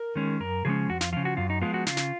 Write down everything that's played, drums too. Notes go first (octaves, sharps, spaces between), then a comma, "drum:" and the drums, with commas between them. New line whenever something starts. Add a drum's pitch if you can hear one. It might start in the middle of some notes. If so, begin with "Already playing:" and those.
Already playing: A#4
D#3 G#3 C#4
F#2 A#4
C#3 F3 G#3 C#4 G#4
F2 F#4
F4, drum: snare
C#3 F3 F4
F#4
F#2 F4
D#4
F3 G#3 B3 F4
F#4
C#3 F4, drum: snare
drum: snare